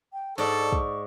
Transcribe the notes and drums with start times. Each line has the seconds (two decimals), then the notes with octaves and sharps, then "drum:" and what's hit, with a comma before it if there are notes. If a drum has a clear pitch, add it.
0.13 G5
0.38 G#2 A4 D5 C#6
0.72 drum: kick